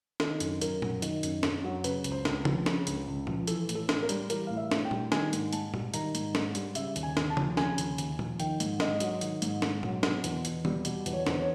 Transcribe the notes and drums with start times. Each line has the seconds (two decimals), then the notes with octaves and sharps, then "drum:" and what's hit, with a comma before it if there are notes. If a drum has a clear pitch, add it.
0.20 D#3 A4, drum: snare
0.40 F#2, drum: hi-hat
0.61 F#2 A#4, drum: hi-hat
0.82 F#3, drum: tom A#2
1.02 D#3, drum: hi-hat
1.23 F#2, drum: hi-hat
1.43 F#2, drum: snare
1.64 F#3
1.84 C#3 B4, drum: hi-hat
2.04 C#2, drum: hi-hat
2.12 C5
2.25 C#2, drum: snare
2.45 F3, drum: tom C#3
2.66 C#3, drum: snare
2.87 C#2, drum: hi-hat
3.07 C#2
3.27 F3, drum: tom A#2
3.47 E3 A4, drum: hi-hat
3.69 A2, drum: hi-hat
3.75 A4
3.89 A2, drum: snare
4.03 A#4
4.09 G3, drum: hi-hat
4.30 E3 A#4, drum: hi-hat
4.47 A2 F5
4.57 E5
4.71 A2, drum: snare
4.85 G5
4.91 G3, drum: tom A#2
5.12 D#3 G#5, drum: snare
5.33 G#2, drum: hi-hat
5.53 G#2 A5, drum: hi-hat
5.74 G3, drum: tom A#2
5.94 D#3 A#5, drum: hi-hat
6.15 G#2, drum: hi-hat
6.35 G#2, drum: snare
6.55 G3, drum: hi-hat
6.75 C#3 E5, drum: hi-hat
6.96 D#2, drum: hi-hat
7.03 G#5
7.17 D#2, drum: snare
7.30 A5
7.37 F3, drum: tom C#3
7.57 C#3 G#5, drum: snare
7.78 D#2, drum: hi-hat
7.98 D#2, drum: hi-hat
8.19 F3, drum: tom A#2
8.40 D#3 G5, drum: hi-hat
8.60 G#2, drum: hi-hat
8.80 G#2 D#5, drum: snare
9.00 F#3, drum: hi-hat
9.21 D#3, drum: hi-hat
9.42 G#2, drum: hi-hat
9.62 G#2, drum: snare
9.83 F#3, drum: tom A#2
10.03 B2, drum: snare
10.24 E2, drum: hi-hat
10.45 E2, drum: hi-hat
10.65 G3, drum: tom
10.85 B2, drum: hi-hat
11.06 E2, drum: hi-hat
11.13 C#5
11.27 E2 C5, drum: snare
11.40 C#5